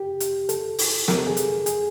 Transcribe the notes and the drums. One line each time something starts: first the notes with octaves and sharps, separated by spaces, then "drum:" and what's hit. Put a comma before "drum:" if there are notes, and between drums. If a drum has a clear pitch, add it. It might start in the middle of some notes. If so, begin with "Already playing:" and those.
Already playing: G4
drum: hi-hat
A4, drum: hi-hat
drum: open hi-hat
A#4, drum: snare
A4
G#4
drum: hi-hat
G#4, drum: hi-hat